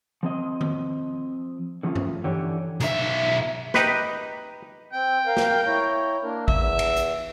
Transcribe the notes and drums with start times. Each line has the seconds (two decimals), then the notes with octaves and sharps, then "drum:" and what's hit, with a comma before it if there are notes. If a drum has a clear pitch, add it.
0.23 F3 C4 D#5
0.61 drum: tom D#3
1.83 D3 F3 A3 C#4 F4
1.95 drum: tom G2
2.24 D3 E3 G4 C#5
2.80 B1 E5, drum: hi-hat
3.74 D#4 G4 B4, drum: snare
4.93 C4 G5
5.27 A#4 F5
5.37 drum: snare
5.66 E4 C#5 A#5
6.23 A#3 D4 A#4
6.48 E2 E5, drum: kick G#1
6.79 drum: cymbal
6.96 drum: hi-hat